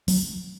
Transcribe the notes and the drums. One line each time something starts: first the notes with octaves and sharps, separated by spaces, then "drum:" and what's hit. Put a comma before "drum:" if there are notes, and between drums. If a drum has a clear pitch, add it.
F#3, drum: open hi-hat